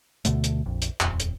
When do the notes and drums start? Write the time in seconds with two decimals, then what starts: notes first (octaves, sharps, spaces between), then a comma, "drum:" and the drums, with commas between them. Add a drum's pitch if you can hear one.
0.25 D2 B2 D3 A3, drum: hi-hat
0.44 drum: hi-hat
0.66 A#1 F2
0.82 drum: hi-hat
1.00 D#1 F2, drum: clap
1.20 drum: hi-hat